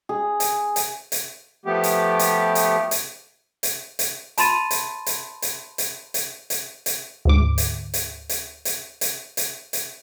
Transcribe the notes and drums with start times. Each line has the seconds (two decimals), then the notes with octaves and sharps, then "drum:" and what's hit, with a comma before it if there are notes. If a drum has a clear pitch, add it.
0.09 G#4
0.40 drum: hi-hat
0.76 drum: hi-hat
1.12 drum: hi-hat
1.66 F3 A3 B3 G4
1.84 drum: hi-hat
2.19 drum: hi-hat
2.55 drum: hi-hat
2.91 drum: hi-hat
3.63 drum: hi-hat
3.99 drum: hi-hat
4.38 A5 B5 C6 A6 D#7, drum: hi-hat
4.71 drum: hi-hat
5.06 drum: hi-hat
5.42 drum: hi-hat
5.78 drum: hi-hat
6.14 drum: hi-hat
6.50 drum: hi-hat
6.86 drum: hi-hat
7.25 D2 G#2 D6
7.58 drum: hi-hat
7.94 drum: hi-hat
8.29 drum: hi-hat
8.65 drum: hi-hat
9.01 drum: hi-hat
9.37 drum: hi-hat
9.73 drum: hi-hat